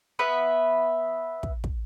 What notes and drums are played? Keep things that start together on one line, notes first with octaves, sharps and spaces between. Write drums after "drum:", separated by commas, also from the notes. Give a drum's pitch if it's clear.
B3 B4 E5
drum: kick
drum: kick